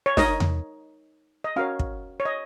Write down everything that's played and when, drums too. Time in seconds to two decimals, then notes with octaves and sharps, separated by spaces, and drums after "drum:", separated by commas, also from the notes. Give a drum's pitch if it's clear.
0.06 C#5
0.17 D#4 A#4 C#5 D#5, drum: snare
0.40 drum: tom E2
1.44 D#5
1.56 C#4 F#4 A#4 C#5 F5
1.79 drum: kick
2.20 C#5
2.25 D#5